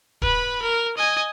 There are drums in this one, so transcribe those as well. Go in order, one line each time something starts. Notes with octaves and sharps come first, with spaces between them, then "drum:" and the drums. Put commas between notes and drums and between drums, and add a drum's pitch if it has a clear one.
B4 B5, drum: kick
A#4
D#5 G#5